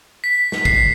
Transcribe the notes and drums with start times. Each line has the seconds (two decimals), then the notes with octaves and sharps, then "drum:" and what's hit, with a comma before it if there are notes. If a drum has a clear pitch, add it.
0.24 B6
0.52 drum: snare
0.65 C7, drum: kick